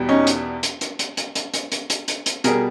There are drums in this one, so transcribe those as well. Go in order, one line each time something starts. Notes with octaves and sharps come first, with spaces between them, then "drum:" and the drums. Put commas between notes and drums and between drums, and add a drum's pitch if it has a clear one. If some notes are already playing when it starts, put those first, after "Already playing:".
Already playing: E2 B2 G3
C#4 D#4
drum: hi-hat
drum: hi-hat
drum: hi-hat
drum: hi-hat
drum: hi-hat
drum: hi-hat
drum: hi-hat
drum: hi-hat
drum: hi-hat
drum: hi-hat
drum: hi-hat
B2 G3 G#4 A#4, drum: hi-hat